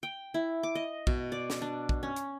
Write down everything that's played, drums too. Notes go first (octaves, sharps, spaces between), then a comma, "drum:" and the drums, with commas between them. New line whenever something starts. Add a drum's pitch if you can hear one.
G5
E4
D6
D#5
B2, drum: kick
D5
drum: snare
D4
drum: kick
C#4
drum: hi-hat